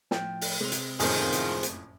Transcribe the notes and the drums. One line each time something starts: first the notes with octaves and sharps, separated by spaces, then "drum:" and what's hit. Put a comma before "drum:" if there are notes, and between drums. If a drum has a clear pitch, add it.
A2 F3 G5, drum: snare
drum: open hi-hat
C3 G#3 C4 F7
drum: hi-hat
F#1 F2 A2 D#3 F3 G#4 C5, drum: open hi-hat
drum: hi-hat
drum: hi-hat